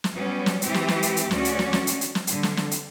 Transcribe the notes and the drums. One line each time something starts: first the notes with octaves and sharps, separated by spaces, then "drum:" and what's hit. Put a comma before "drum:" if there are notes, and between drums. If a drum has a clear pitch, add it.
drum: snare
F#3 G3 B3 C#4
drum: snare
E3 G#3 C4 G4, drum: hi-hat
drum: snare
drum: snare
drum: hi-hat
drum: hi-hat
D2 G#3 C#4 F#4 D5, drum: snare
drum: hi-hat
drum: snare
drum: snare
drum: hi-hat
drum: hi-hat
drum: snare
D3 G3, drum: hi-hat
drum: snare
drum: snare
drum: hi-hat